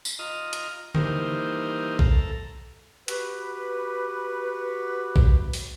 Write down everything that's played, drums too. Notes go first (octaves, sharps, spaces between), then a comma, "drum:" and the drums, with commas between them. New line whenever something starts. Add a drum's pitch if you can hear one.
drum: tambourine
F4 D#5 A#5
drum: hi-hat
E3 G3 A#3 D#4 A#4 C5, drum: tom D3
A4 A#5, drum: kick A#1
F#4 G4 B4, drum: hi-hat
drum: kick A#1
drum: open hi-hat